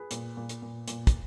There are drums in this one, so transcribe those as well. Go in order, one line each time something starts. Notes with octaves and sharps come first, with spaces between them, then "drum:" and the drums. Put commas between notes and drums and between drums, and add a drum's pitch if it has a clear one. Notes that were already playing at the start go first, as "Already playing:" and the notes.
Already playing: G#4 B4
A#2, drum: hi-hat
A#2
drum: hi-hat
A#2
A#2, drum: hi-hat
drum: kick, hi-hat